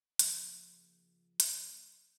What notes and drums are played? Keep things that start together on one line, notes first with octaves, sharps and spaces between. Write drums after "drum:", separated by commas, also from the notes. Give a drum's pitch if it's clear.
C#3 F3 A#3, drum: hi-hat
drum: hi-hat